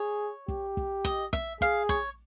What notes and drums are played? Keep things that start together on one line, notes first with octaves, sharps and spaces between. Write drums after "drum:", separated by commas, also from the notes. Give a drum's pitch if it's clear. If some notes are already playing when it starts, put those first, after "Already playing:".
Already playing: G#4 C#5
G4, drum: kick
drum: kick
D#5, drum: kick
E5, drum: kick
G#4 F5, drum: kick
C#5, drum: kick